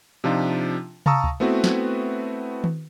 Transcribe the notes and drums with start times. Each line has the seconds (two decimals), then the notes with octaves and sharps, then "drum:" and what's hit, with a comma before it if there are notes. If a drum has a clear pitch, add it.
0.24 C3 F3 D4 D#4 F4
1.06 F5 A5 A#5 C#6 D#6 E6, drum: tom C3
1.24 drum: kick C#2
1.40 A3 B3 C4 E4 F#4 B4
1.64 drum: snare
2.64 drum: tom D#3